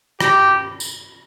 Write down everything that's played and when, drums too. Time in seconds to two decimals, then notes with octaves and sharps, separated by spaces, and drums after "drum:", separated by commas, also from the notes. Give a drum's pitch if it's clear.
0.20 G4, drum: rim click
0.80 drum: tambourine